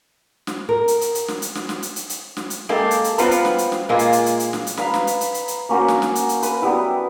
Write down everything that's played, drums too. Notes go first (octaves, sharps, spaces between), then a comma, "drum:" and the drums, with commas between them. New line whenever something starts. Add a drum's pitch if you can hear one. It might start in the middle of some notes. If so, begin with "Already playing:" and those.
drum: snare
A#4
drum: hi-hat
drum: hi-hat
drum: hi-hat
drum: snare
drum: hi-hat
drum: snare
drum: snare
drum: hi-hat
drum: hi-hat
drum: hi-hat
drum: snare
drum: hi-hat
G#3 A#3 G4 A4
drum: hi-hat
drum: hi-hat
G3 B3 F4 B4 C5 A#5, drum: hi-hat
drum: hi-hat
drum: snare
drum: hi-hat
drum: snare
A#2 G#3 A#3 F4
drum: hi-hat
drum: hi-hat
drum: hi-hat
drum: hi-hat
drum: snare
drum: hi-hat
B4 F5 A#5 B5, drum: snare
drum: snare
drum: hi-hat
drum: hi-hat
drum: hi-hat
drum: hi-hat
A#3 C#4 F#4 C5
drum: snare
drum: snare
drum: hi-hat
drum: hi-hat
B4, drum: hi-hat
F#3 G3 B3 E4